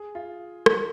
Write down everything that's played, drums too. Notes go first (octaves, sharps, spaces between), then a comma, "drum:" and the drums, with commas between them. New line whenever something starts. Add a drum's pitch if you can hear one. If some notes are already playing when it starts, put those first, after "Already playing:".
Already playing: G#4
F4
drum: rim click